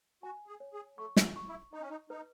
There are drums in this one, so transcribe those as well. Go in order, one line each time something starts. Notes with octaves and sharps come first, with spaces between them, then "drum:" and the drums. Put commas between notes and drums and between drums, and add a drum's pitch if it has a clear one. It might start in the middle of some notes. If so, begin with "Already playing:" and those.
F#4 G#5
G#4
C#5
G#4
A3 C#6
drum: snare
C#6
E4
D#4 D#5
C#4
D#4
D#4 B4